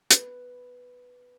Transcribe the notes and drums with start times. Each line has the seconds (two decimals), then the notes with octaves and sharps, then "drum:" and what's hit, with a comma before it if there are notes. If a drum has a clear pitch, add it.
0.11 B4, drum: hi-hat